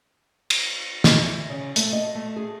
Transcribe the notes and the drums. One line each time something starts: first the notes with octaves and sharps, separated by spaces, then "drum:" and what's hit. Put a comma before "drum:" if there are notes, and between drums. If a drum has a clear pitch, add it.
drum: cymbal
D#5, drum: snare
E3
C#3
A3, drum: hi-hat
D#5
A3
G#4